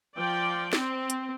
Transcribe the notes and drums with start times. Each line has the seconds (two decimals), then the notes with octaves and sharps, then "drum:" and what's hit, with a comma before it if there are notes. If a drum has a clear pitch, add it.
0.16 F3 D5 G5
0.73 C4, drum: snare
1.10 drum: hi-hat